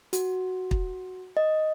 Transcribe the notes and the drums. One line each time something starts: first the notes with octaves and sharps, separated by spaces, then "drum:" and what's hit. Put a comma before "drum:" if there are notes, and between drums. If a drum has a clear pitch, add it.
F#4, drum: hi-hat
drum: kick
D#5